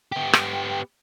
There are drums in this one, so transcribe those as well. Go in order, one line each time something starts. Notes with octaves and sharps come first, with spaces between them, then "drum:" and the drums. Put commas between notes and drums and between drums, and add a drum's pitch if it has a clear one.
B3 G4
drum: rim click